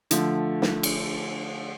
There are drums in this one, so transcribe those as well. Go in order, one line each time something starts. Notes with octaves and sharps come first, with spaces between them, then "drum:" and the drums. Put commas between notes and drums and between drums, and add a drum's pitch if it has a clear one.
D3 F3 A3, drum: hi-hat
drum: snare
drum: cymbal